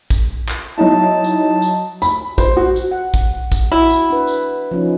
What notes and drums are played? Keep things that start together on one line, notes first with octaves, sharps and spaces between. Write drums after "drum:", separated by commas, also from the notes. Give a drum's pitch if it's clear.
drum: kick A#1, tambourine
drum: clap
F#3 D#4 E4 A5
drum: tambourine
drum: tambourine
B5, drum: tambourine
C5, drum: kick A#1, tambourine
F#4
drum: tambourine
F#5
drum: kick A#1, tambourine
drum: kick A#1, tambourine
E4 F#4
drum: tambourine
D4 B4
drum: tambourine
F3 C#4 D#4